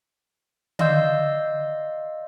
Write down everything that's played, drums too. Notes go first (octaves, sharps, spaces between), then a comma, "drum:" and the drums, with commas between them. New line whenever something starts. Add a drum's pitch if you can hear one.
D5 D#5 F5 C6 E6 G6, drum: tom D3